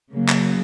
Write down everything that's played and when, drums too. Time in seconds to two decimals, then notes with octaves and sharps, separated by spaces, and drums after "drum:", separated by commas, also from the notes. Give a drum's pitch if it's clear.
0.13 C#3 F#3 A#3
0.29 drum: clap